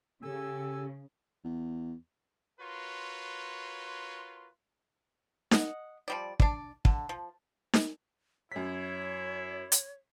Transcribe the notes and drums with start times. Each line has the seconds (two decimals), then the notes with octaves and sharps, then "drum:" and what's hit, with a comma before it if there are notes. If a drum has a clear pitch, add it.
0.23 C#3 G4 A4 G#5 E6
1.44 E2
2.60 F4 F#4 A#4 B4 C#5 C6
5.51 D#5 F#5, drum: snare D#4
6.08 F3 G3 D5
6.40 D4 D5, drum: kick
6.85 D3, drum: kick
7.09 F3
7.73 drum: snare D#4
8.52 F#2 E4 C#5 B6
9.72 drum: hi-hat